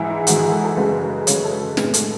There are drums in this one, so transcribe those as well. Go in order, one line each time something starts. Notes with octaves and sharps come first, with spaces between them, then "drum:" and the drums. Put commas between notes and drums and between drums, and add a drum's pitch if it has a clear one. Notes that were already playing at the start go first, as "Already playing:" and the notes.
Already playing: G#2 E3 G#3 E4 G#4
E4
G#2 E3 G#3 F#4, drum: hi-hat
G#4
A4
A4
F#2 C#3 G#3 B4
B4
F#2 C#3 G#3 C#5, drum: hi-hat
A4
B4
A2 G#3 B4, drum: snare
A4, drum: hi-hat